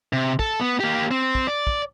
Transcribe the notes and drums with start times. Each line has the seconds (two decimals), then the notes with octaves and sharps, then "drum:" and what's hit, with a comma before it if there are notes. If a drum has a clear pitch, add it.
0.13 C3
0.39 A4, drum: kick
0.61 B3
0.80 A#3 G4
1.11 C4
1.35 drum: kick
1.47 D5
1.67 drum: kick